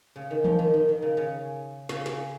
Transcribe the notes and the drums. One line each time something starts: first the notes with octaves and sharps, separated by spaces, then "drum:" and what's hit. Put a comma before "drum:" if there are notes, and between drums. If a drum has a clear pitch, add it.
C#3
D#3
F2 F3, drum: tom E3
D#3
D#3
D#3
C#3
C#3
C#3, drum: snare
C#3, drum: snare